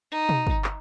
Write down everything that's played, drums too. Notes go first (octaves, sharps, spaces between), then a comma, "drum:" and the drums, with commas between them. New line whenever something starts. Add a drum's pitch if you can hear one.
D#4
drum: tom B2
drum: kick
drum: clap